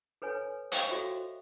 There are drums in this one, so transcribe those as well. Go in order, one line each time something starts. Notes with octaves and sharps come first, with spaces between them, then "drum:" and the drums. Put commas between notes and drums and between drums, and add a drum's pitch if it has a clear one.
A4 B4 C#5 G#5
C5 C#5 D#5 F5 G5 C#6, drum: hi-hat
F#4 A4 E5